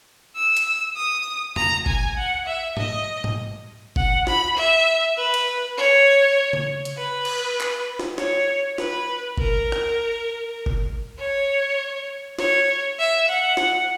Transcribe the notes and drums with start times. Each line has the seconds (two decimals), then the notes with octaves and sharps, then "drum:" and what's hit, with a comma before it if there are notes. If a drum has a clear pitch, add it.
0.36 E6
0.57 drum: hi-hat
0.96 D#6
1.56 A#5, drum: tom
1.86 G#5, drum: kick G1
2.17 F#5
2.46 E5
2.77 D#5, drum: tom G#2
3.24 drum: tom G#2
3.96 F#5, drum: kick G1
4.27 B5, drum: snare
4.56 E5
5.17 B4
5.34 drum: cymbal
5.77 C#5
6.53 drum: tom C#3
6.85 drum: hi-hat
6.97 B4
7.25 drum: cymbal
7.61 drum: clap
7.99 drum: snare
8.18 C#5, drum: snare
8.78 B4, drum: snare
9.38 A#4, drum: kick G1
9.72 drum: rim click
10.66 drum: kick G1
11.18 C#5
12.39 C#5, drum: snare
12.99 E5
13.29 F#5
13.57 drum: snare